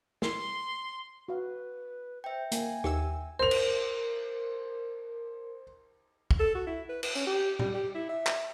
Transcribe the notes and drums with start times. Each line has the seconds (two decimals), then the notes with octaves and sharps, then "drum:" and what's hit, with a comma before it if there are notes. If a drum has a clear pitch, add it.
0.22 C6, drum: snare
1.28 F#4 B4 F5
2.24 C5 E5 G5
2.52 A#3 G#5, drum: hi-hat
2.84 D#2 E6, drum: rim click
3.39 A#4 C5 F7
3.51 drum: cymbal
6.31 drum: kick
6.40 A4
6.55 F#4
6.67 E4
6.89 B4
7.03 B4, drum: cymbal
7.15 C#4, drum: tambourine
7.27 G4
7.59 G3, drum: tom A2
7.75 G4
7.95 E4
8.09 E5
8.27 drum: clap